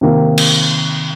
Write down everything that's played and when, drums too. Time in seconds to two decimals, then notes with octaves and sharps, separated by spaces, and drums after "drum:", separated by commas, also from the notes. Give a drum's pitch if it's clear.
0.01 C3 D#3 A#3 D#4
0.38 drum: cymbal